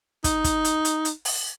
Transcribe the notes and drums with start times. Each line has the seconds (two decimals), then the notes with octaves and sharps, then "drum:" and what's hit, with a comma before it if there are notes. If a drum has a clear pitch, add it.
0.24 D#4, drum: kick, hi-hat
0.44 drum: kick, hi-hat
0.65 drum: hi-hat
0.85 drum: hi-hat
1.05 drum: hi-hat
1.25 drum: open hi-hat